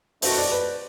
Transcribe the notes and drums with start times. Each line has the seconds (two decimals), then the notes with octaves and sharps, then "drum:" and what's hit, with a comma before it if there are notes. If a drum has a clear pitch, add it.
0.22 B2 A3 D4 F#4 C5, drum: open hi-hat
0.38 D5
0.52 B4